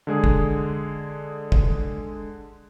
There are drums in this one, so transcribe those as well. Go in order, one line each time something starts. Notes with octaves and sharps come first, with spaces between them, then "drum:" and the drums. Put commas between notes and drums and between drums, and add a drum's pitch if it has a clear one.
D3 G#3 G#4
drum: kick
drum: kick